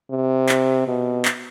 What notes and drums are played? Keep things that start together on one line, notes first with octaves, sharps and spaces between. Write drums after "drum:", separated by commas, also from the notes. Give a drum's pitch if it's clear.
C3
drum: clap
B2
drum: clap